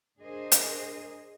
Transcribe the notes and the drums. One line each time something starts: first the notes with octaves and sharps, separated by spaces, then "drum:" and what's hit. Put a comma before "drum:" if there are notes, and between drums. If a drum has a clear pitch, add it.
D4 G#4 A#4 C5 D#5
drum: hi-hat